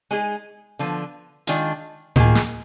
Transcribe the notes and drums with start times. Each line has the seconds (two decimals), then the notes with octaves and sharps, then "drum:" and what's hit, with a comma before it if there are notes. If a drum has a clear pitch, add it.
0.11 G#3 D#4 G#4
0.79 D3 F3 B3
1.47 D#3 G#3 D4 F4, drum: hi-hat
2.16 D#3 A#3 F4 G#4, drum: tom A2
2.35 drum: snare